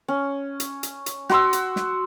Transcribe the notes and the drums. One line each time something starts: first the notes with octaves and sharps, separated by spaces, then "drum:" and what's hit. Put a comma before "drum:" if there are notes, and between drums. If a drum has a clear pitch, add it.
C#4
drum: hi-hat
drum: hi-hat
drum: hi-hat
F#4 C6 E6, drum: snare
drum: hi-hat
drum: snare